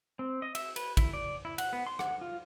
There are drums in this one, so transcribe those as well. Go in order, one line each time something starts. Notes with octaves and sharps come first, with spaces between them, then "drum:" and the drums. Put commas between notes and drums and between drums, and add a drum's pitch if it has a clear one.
C4
D#5
E5, drum: cymbal
B4, drum: cymbal
E4, drum: kick, cymbal
D5
E4
F#5, drum: cymbal
B3
C6
F#5, drum: rim click
F4